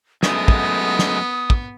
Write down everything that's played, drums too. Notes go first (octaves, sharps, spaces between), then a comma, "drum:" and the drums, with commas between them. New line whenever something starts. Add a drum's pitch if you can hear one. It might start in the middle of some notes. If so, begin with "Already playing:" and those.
F#2 G#3 A3 B3 D#6, drum: snare
drum: kick
drum: snare
drum: kick